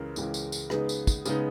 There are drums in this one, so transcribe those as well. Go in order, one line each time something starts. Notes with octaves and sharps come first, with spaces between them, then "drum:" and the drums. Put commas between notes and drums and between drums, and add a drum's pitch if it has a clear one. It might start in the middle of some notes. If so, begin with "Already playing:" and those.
Already playing: C#2 C#3 E3 G#3 A#4
C#2 C#3 E3 G#3, drum: tambourine
drum: tambourine
drum: tambourine
C#3 G#3 B3 D#4 G#4 B4, drum: rim click
drum: tambourine
drum: kick, tambourine
C#3 G#3 B3 D#4, drum: tambourine